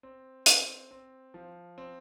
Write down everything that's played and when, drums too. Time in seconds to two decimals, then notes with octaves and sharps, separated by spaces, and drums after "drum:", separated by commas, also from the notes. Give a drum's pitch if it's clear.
0.03 C4
0.46 C4, drum: hi-hat
0.91 C4
1.34 F3
1.78 C4